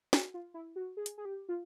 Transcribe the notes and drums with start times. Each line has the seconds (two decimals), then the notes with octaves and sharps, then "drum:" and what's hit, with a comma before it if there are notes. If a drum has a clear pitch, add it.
0.13 F#4, drum: snare
0.34 F4
0.54 E4
0.76 F#4
0.97 G#4
1.06 drum: hi-hat
1.18 G#4
1.25 G4
1.49 F4